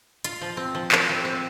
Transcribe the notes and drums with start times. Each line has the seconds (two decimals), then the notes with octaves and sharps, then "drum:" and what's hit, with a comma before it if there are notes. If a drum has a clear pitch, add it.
0.24 F4, drum: hi-hat
0.41 F3
0.57 C4
0.75 F3
0.92 F3, drum: clap
1.09 C4
1.25 C4